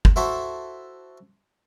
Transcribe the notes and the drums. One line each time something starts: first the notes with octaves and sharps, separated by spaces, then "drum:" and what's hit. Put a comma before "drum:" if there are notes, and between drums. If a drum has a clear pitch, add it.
drum: kick
E4 F#4 A4 C5 E5